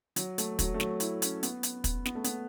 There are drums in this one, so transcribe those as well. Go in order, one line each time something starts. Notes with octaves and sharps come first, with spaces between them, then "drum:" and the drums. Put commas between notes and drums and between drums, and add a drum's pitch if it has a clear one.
F#3, drum: hi-hat
A3, drum: hi-hat
F#3, drum: kick, hi-hat
A3
F#3, drum: snare
E4, drum: hi-hat
C#4, drum: hi-hat
B3, drum: hi-hat
drum: hi-hat
drum: kick, hi-hat
B3, drum: snare
A3
B3, drum: hi-hat